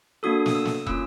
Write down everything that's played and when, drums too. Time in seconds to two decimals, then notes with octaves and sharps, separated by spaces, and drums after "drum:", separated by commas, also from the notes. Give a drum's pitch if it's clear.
0.23 A#3 D4 F#4 A4 D#6
0.46 D#6, drum: snare
0.55 E6
0.65 drum: snare
0.87 A#3 C#4 F4 E6, drum: kick